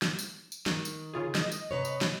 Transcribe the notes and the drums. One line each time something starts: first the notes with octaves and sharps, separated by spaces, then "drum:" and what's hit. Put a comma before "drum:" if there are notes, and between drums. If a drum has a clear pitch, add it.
drum: snare
drum: tambourine
drum: tambourine
D#3, drum: snare
drum: tambourine
C#3 F4 G#4
D#5, drum: snare
drum: tambourine
C3 B4 C#5
drum: tambourine
drum: snare